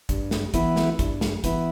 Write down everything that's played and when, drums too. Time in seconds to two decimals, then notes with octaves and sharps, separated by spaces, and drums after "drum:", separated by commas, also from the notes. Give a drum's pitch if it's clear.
0.09 G2, drum: kick A1, hi-hat
0.31 drum: snare
0.54 E3 B3 E4, drum: kick A1, hi-hat
0.76 drum: snare
0.99 G2, drum: kick A1, hi-hat
1.21 drum: snare
1.44 E3 B3 E4, drum: kick A1, hi-hat